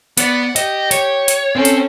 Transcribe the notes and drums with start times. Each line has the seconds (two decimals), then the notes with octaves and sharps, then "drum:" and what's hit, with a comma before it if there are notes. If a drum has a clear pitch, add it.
0.18 B3 D5 F#5, drum: hi-hat
0.56 G4 D#5, drum: hi-hat
0.91 C#5, drum: hi-hat
1.28 drum: hi-hat
1.56 C4 C#4 A4
1.65 drum: hi-hat